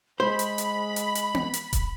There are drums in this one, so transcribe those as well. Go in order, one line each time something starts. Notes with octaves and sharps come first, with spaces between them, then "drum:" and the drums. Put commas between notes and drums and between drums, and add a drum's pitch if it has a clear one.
G#3 C5 B5
drum: hi-hat
drum: hi-hat
drum: hi-hat
drum: hi-hat
drum: tom B3
drum: hi-hat
drum: kick D#1, hi-hat